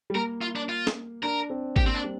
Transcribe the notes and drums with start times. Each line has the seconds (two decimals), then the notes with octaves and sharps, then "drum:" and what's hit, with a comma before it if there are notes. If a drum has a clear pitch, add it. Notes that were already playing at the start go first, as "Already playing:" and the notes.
0.10 G3
0.15 A#3 A#4
0.41 F4
0.56 D4
0.69 F4
0.87 drum: snare
1.23 D4 A#4
1.50 C4
1.76 A#3 G4, drum: kick G#1
1.86 C4
1.94 D4
2.04 G3